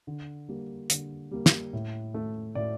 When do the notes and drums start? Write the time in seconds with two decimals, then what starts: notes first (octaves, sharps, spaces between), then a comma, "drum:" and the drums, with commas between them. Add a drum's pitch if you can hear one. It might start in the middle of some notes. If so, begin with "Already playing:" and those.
0.07 D3
0.49 G3 A#3
0.90 D3, drum: hi-hat
1.31 G3 A#3
1.46 drum: snare
1.73 A2
2.14 A3
2.55 A2 D5